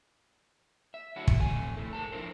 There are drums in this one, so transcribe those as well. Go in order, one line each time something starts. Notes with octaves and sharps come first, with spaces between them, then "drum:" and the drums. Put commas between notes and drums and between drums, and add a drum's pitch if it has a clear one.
E5
D3 F#3 E4 F#4 A4
drum: kick
F2 A3 G#5
A2 D#4 A4
G#2 A#4 A5
F3 G3 D4 E4 A#4 C5